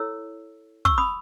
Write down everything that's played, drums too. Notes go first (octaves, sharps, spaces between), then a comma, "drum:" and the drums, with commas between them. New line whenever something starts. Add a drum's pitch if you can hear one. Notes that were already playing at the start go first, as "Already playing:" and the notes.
Already playing: E4 A4 C#5 E6
C#6 E6, drum: kick
B5 D#6